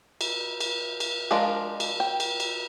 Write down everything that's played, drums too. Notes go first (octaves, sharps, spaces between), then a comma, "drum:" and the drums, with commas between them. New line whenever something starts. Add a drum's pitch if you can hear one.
drum: cymbal
drum: cymbal
drum: cymbal
F3 G#3 D4 F4 A#4
drum: cymbal
G5
drum: cymbal
drum: cymbal